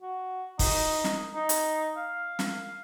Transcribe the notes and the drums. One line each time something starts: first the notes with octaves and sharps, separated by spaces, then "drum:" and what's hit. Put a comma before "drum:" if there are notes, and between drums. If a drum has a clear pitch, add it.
F#4
D#4, drum: kick, open hi-hat
drum: snare
D#4
drum: hi-hat
F5
drum: snare